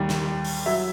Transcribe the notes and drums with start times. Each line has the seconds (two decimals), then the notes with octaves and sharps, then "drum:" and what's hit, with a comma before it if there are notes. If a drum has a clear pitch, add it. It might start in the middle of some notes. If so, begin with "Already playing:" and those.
Already playing: D#2 D#3 G3
0.09 drum: snare
0.44 drum: open hi-hat
0.66 F#3 E5